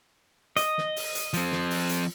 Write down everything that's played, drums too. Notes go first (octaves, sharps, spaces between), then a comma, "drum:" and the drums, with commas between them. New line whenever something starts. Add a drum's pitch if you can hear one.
D#5, drum: hi-hat
drum: snare
drum: open hi-hat
drum: hi-hat
F3 C4, drum: hi-hat
drum: snare
drum: open hi-hat
drum: hi-hat